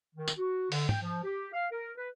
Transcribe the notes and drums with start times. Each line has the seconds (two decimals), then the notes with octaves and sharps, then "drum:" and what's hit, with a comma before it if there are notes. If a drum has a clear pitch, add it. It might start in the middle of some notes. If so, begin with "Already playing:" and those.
0.15 D#3
0.28 drum: tambourine
0.38 F#4
0.72 D3, drum: open hi-hat
0.89 G5, drum: tom
1.02 F3
1.24 G4
1.53 F5
1.71 A#4
1.97 B4